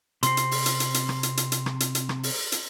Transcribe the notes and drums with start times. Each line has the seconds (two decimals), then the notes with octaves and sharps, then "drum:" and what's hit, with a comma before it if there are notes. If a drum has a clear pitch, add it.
0.23 C3 C4 C6 C7, drum: hi-hat
0.37 drum: hi-hat
0.51 drum: open hi-hat
0.66 drum: hi-hat
0.80 drum: hi-hat
0.94 drum: hi-hat
1.09 drum: rim click
1.23 drum: hi-hat
1.37 drum: hi-hat
1.52 drum: hi-hat
1.66 drum: rim click
1.80 drum: hi-hat
1.95 drum: hi-hat
2.09 drum: rim click
2.23 drum: open hi-hat
2.52 drum: hi-hat